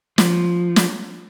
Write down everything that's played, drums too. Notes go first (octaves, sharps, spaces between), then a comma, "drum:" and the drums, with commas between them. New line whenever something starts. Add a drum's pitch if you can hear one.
F3, drum: snare
drum: snare